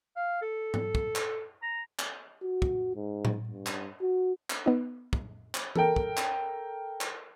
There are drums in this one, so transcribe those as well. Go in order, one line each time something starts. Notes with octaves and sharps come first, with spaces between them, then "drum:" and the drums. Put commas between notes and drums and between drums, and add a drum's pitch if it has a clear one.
F5
A4
drum: tom G#2
drum: kick
drum: clap
A#5
drum: clap
F#4
drum: kick
G#2
drum: tom A2
G2
drum: clap
F#4
drum: clap
B3 D#4
drum: kick
drum: clap
A4 A#4 G5, drum: tom E3
drum: kick
drum: clap
drum: clap